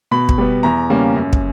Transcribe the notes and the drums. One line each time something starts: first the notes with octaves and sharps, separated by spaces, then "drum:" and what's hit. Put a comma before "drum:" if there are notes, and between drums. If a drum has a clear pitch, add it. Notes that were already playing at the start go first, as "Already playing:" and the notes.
B2 B5
drum: kick
G3 B3
E2 A#5
C#3 G3 A#3 C#4
F#2
drum: kick